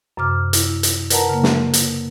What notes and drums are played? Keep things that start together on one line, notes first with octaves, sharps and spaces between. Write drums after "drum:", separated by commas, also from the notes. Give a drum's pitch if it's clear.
F#2 C3 D6 F6
E4, drum: hi-hat
drum: hi-hat
A#4 B4 D5 F#5 A5 A#5, drum: hi-hat
C#3 A#3
drum: snare
drum: hi-hat